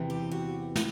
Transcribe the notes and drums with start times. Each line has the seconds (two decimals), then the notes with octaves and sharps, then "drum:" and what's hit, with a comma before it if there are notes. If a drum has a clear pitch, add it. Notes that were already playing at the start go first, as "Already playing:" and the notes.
Already playing: E2 C3 E3
0.10 G4
0.31 F#4
0.76 drum: snare